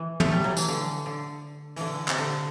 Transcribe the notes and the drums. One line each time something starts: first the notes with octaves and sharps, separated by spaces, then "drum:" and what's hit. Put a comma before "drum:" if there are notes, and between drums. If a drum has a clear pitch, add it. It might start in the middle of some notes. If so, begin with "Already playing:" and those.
Already playing: E3
A3, drum: tom
G3
F#3
E3, drum: tambourine
D3
D3
D3 E3, drum: open hi-hat
C3, drum: clap
D3